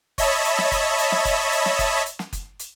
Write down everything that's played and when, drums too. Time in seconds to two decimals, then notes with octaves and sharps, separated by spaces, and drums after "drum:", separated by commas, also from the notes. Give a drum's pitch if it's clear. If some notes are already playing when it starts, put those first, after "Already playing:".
0.18 C#5 D#5 E5 A5 B5, drum: kick F#1, hi-hat
0.45 drum: hi-hat
0.58 drum: snare
0.72 drum: kick F#1, hi-hat
0.98 drum: hi-hat
1.12 drum: snare
1.25 drum: kick F#1, hi-hat
1.52 drum: hi-hat
1.65 drum: snare
1.79 drum: kick F#1, hi-hat
2.06 drum: hi-hat
2.19 drum: snare
2.33 drum: kick F#1, hi-hat
2.59 drum: hi-hat